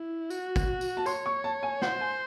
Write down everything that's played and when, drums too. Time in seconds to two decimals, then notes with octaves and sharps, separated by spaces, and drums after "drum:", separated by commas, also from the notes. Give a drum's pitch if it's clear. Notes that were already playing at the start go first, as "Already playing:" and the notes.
Already playing: E4
0.30 F#4, drum: tambourine
0.56 drum: kick, tambourine
0.81 drum: tambourine
0.97 A5
1.06 C#5 C6, drum: tambourine
1.26 C#6
1.44 A5
1.63 G#5
1.82 C5 F#5, drum: snare
2.01 G#5